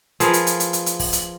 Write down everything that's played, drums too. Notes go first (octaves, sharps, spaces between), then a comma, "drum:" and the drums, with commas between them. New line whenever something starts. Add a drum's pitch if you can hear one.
F3 G#4 A#4 B4, drum: hi-hat
drum: hi-hat
drum: hi-hat
drum: hi-hat
drum: hi-hat
drum: hi-hat
drum: kick, open hi-hat
drum: hi-hat